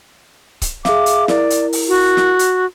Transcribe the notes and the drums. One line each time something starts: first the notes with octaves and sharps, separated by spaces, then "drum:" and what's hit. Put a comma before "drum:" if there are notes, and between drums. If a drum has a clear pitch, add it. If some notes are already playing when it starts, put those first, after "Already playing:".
drum: kick C#1, hi-hat
G#4 E5 F5 D6, drum: snare
drum: hi-hat
E4 A#4 D5, drum: snare
drum: hi-hat
drum: open hi-hat
F#4
drum: snare
drum: hi-hat